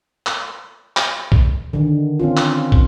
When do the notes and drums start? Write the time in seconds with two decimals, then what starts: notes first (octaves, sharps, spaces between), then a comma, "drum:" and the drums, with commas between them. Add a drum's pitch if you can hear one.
0.26 drum: clap
0.97 drum: clap
1.32 drum: kick
1.73 D3 D#3
2.20 C4 C#4 F4
2.37 drum: clap
2.72 drum: kick